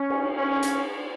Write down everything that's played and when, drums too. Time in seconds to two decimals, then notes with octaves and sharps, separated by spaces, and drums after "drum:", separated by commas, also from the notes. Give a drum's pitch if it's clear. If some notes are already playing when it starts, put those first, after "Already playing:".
Already playing: C#4
0.10 drum: cymbal
0.38 C#4
0.63 drum: hi-hat